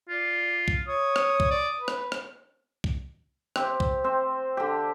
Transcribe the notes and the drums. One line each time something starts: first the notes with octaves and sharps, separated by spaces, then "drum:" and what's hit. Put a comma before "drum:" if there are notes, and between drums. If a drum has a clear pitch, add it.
F4 D5
drum: kick
C#5 D#6
drum: rim click
drum: kick
D5
B4
drum: rim click
drum: rim click
drum: kick
C4 G4, drum: rim click
drum: kick
C4 C5
D3 G4